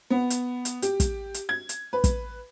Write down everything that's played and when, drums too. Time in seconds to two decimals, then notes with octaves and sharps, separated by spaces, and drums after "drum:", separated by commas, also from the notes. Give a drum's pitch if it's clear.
0.10 B3
0.30 drum: hi-hat
0.65 drum: hi-hat
0.82 G4, drum: hi-hat
1.00 drum: kick, hi-hat
1.34 drum: hi-hat
1.49 G#6
1.69 drum: hi-hat
1.93 B4
2.04 drum: kick, hi-hat